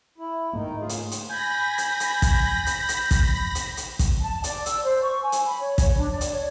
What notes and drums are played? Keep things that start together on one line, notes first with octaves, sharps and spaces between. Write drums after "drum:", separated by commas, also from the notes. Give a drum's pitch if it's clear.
E4
G#2 D#3 A3 A#3 D#4
C#3 F4 G#4
drum: hi-hat
drum: hi-hat
G#5 B5 G6 A#6
drum: hi-hat
drum: hi-hat
drum: kick, hi-hat
drum: hi-hat
drum: hi-hat
drum: kick, hi-hat
drum: hi-hat
drum: hi-hat
drum: kick, hi-hat
A5
D5, drum: hi-hat
E6, drum: hi-hat
C5
C#6
G#5
drum: hi-hat
B5
C#5
C#5, drum: kick, hi-hat
D4
D5
drum: hi-hat
C#5